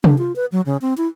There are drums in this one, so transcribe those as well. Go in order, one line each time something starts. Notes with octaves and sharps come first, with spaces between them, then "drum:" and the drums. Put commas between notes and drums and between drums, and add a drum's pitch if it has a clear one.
D4, drum: tom C3
F4
B4
F#3
C#3
C4
E4